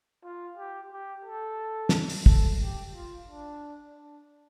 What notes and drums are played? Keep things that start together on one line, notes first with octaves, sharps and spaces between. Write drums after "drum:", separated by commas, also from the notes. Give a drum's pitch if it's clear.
F4
G4
G4
A4
drum: snare
drum: open hi-hat
A4, drum: kick
G4
F4
D4
D4